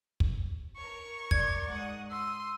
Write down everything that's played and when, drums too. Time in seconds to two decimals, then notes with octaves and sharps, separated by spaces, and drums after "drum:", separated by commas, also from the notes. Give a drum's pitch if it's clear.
0.20 drum: kick
0.76 A#4 C#5 C#6
1.31 D5 G#6, drum: kick
1.67 G#2 F#5 D#6
2.11 C6 D#6 E6